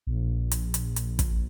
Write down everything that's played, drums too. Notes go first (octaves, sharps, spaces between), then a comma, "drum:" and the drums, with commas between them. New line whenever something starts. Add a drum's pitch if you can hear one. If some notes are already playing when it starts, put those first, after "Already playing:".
A#1
drum: hi-hat
drum: hi-hat
drum: hi-hat
drum: kick, hi-hat